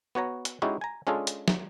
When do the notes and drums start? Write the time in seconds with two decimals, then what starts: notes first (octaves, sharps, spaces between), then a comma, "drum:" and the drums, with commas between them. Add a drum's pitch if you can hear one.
0.15 B3 F#4 C#5 A#5
0.45 drum: hi-hat
0.62 G#3 C#4 D#4 E4 F#4 G4
0.81 G#5 A#5
1.07 G#3 C#4 D4 F4 G#4 A4
1.27 drum: hi-hat
1.48 drum: snare